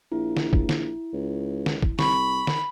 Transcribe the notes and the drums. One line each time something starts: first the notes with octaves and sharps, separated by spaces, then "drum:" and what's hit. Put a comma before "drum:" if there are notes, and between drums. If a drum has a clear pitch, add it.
A#1 E4
drum: snare
drum: kick
drum: snare
C#2
drum: snare
drum: kick
C2 B5 C#6, drum: snare
drum: snare